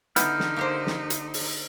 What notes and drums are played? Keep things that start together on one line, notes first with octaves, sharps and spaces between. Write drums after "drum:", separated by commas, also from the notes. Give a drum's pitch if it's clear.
D3 B3 D#4 E4 F6 G6, drum: hi-hat
drum: snare
A#3 G4 C5
drum: snare
drum: hi-hat
drum: open hi-hat